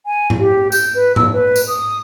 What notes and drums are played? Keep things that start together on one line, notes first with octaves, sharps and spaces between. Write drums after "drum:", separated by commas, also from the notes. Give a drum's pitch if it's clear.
G#5
drum: tom G#2
G4
G6, drum: tambourine
B4
E6, drum: tom G#2
B4
drum: tambourine
D#6